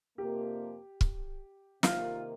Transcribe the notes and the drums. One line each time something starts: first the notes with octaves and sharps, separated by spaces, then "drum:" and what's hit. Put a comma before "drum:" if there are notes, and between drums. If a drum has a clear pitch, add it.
F2 C3 F3 A#3 G4
drum: kick
C3 D#3 A#3 F4, drum: snare